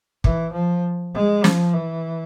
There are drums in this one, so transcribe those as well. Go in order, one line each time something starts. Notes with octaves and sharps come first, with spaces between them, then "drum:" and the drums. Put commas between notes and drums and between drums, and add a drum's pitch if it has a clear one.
E3, drum: kick
F3
G#3
F3, drum: snare
E3